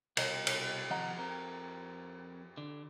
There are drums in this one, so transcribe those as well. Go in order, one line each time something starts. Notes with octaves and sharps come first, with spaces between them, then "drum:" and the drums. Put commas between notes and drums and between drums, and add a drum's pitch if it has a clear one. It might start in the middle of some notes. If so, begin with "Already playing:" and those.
C2 B2 A#4 D#5, drum: cymbal
drum: cymbal
D#2 C3 F3 D#5 F#5 A#5
F2 C4 A#4
D3